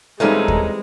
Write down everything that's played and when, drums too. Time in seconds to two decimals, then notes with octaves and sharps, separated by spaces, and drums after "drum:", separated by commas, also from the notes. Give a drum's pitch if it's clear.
0.20 A#2 E3 G3 G#3 C4 C#4 D#4 A4
0.48 drum: kick D#2